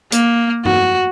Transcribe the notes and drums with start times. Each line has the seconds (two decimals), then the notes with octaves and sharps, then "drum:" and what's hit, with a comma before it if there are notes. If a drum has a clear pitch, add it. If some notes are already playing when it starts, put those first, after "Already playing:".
0.12 A#3, drum: hi-hat
0.65 F#4, drum: tom